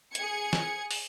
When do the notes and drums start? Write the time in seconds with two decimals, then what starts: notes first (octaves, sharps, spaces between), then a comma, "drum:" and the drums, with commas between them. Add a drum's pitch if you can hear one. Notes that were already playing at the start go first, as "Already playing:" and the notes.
0.15 G#4 G#6 C#7, drum: hi-hat
0.53 drum: snare
0.91 drum: open hi-hat